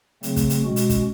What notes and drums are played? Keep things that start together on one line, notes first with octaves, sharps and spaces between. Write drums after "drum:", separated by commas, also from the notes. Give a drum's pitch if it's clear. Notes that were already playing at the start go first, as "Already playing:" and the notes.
C#3 F#3 A3 C4, drum: hi-hat
drum: kick, hi-hat
drum: hi-hat
B2 G#3 C#4 F#4
drum: hi-hat
drum: kick, hi-hat